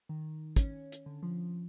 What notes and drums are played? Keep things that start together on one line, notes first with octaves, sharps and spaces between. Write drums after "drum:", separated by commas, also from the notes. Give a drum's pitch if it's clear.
D#3
C#4, drum: kick, hi-hat
drum: hi-hat
D3
F3